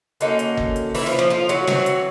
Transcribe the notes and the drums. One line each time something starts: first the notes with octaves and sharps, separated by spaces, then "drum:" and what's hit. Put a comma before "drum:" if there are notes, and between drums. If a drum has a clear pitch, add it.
D3 F#3 A#3 C#4 D#4, drum: hi-hat
drum: hi-hat
drum: kick G1
drum: hi-hat
E3 E4, drum: open hi-hat
F3 F4
F3 F4
F3 F4
F#3 F#4, drum: hi-hat
E3 F#3 C4 F#4, drum: snare
drum: hi-hat